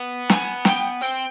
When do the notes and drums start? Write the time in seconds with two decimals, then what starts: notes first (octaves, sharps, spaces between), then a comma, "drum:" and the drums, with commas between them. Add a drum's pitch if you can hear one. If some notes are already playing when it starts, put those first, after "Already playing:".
Already playing: B3
0.30 G#5, drum: snare
0.65 G5, drum: snare
1.01 C4 G5